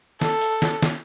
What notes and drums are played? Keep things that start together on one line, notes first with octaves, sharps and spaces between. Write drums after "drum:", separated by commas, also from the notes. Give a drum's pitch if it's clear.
A4, drum: snare
drum: open hi-hat
drum: snare
drum: snare